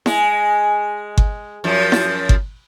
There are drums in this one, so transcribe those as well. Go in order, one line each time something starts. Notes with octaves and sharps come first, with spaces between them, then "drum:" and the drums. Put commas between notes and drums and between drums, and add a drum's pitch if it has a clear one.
G#3, drum: snare E4
drum: kick G1
F#2 F3
drum: snare E4
drum: kick G1